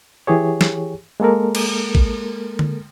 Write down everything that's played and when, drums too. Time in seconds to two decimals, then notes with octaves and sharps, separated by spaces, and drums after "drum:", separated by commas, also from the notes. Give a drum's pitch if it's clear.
0.27 E3 G4 G#4 C#5
0.61 drum: snare
1.20 G#3 A#3 A4 A#4
1.55 drum: cymbal
1.95 drum: kick
2.59 drum: tom D3